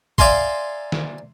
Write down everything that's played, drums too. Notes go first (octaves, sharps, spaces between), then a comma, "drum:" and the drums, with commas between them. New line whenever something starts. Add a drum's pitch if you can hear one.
D5 E5 F5 G#5 A#5 C6, drum: kick
drum: snare